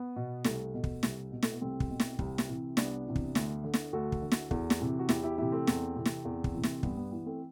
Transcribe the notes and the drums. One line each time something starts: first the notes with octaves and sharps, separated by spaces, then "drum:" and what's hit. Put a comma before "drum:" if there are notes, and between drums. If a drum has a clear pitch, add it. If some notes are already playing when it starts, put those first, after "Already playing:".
Already playing: B3
B2
C2 A3, drum: snare
B2
drum: kick
C2, drum: snare
B2
A3, drum: snare
B3
C2 A3 C4
drum: kick
B2
drum: snare
C2, drum: kick
drum: snare
C3 E3
C2 B3 D4, drum: snare
C3 E3
drum: kick
D2, drum: snare
D3
drum: snare
D2 F#4 A4
drum: kick
D3
drum: snare
E2, drum: kick
drum: snare
C3 E3
F#4
E2 E4 G4, drum: snare
E4 G4
C3 E3 E4 G4
A3 C4
E2, drum: snare
C3 E3
drum: snare
E2
drum: kick
C3 E3
drum: snare
G2 B3, drum: kick
B3
E3 B3
A3 C4